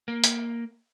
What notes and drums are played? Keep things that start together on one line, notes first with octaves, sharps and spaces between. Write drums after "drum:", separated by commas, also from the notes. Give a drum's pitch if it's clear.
A#3
drum: hi-hat